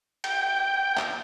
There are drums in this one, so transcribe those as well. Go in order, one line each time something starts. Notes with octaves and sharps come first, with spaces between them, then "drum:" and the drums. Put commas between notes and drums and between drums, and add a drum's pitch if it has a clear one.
G5, drum: cymbal
drum: clap